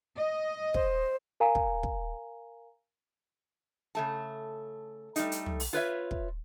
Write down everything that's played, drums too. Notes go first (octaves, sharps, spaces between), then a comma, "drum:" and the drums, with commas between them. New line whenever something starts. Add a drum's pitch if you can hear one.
D#5
C5, drum: kick
A#4 F5 G#5 A#5
drum: kick
drum: kick
C#3 A3 A5
G3 A3 D#4, drum: hi-hat
drum: hi-hat
drum: tom
drum: open hi-hat
F4 B4 C#5 E5
drum: kick